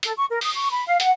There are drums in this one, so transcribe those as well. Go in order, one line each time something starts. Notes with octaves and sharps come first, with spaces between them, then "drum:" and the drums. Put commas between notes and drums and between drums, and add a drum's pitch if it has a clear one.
A4, drum: hi-hat
C#6
A#4
D#6, drum: open hi-hat
C#6
B5
F5
F#5, drum: hi-hat